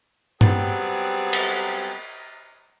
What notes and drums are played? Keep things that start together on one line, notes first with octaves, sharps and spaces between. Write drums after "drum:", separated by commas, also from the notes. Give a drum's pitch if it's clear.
F#3 G3 B3 C4 G#4, drum: tom G2
drum: cymbal